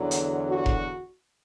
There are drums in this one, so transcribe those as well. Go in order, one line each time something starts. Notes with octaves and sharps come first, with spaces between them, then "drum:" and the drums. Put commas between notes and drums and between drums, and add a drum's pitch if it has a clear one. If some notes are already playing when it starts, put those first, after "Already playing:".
Already playing: E2 D3 F#3
drum: hi-hat
F#4
drum: kick F1